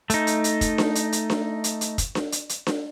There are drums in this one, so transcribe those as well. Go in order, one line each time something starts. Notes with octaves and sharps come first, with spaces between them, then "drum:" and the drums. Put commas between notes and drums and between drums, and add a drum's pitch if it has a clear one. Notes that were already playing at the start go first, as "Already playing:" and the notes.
A3 D#4, drum: hi-hat
drum: hi-hat
drum: hi-hat
drum: kick, hi-hat
drum: snare D4
drum: hi-hat
drum: hi-hat
drum: snare D4
drum: hi-hat
drum: hi-hat
drum: kick, hi-hat
drum: snare D4
drum: hi-hat
drum: hi-hat
drum: snare D4